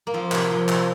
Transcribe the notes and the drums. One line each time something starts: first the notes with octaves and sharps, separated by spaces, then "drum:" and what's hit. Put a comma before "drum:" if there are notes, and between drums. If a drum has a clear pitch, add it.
A#3
F3 C4
C3, drum: clap
F3 C4 F4
C3, drum: clap